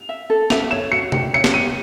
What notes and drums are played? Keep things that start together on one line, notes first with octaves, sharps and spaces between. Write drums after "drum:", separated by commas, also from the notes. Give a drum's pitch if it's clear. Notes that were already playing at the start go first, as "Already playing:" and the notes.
Already playing: F7
E5
A4
E5 F7, drum: snare
C#5 E7
F#4 C#7
G4, drum: tom C3
C#5 C#7
drum: snare
G4 D#7